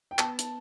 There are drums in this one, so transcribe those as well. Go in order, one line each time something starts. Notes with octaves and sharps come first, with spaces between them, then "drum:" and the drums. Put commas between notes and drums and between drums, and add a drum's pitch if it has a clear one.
G5
B3 A5, drum: clap
drum: hi-hat